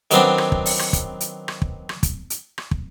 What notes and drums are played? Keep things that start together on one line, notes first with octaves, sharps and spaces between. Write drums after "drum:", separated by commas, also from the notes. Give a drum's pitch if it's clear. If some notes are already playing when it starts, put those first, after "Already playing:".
D#3 F#3 B3 C4 D4, drum: hi-hat
drum: rim click
drum: kick
drum: open hi-hat
drum: rim click
drum: kick, hi-hat
drum: hi-hat
drum: rim click
drum: kick
drum: rim click
drum: kick, hi-hat
drum: hi-hat
drum: rim click
drum: kick